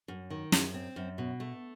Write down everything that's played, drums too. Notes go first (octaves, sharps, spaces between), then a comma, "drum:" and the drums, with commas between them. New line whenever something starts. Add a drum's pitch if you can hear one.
F#2
D#3
F#2, drum: snare
C4
F#2
B2
A3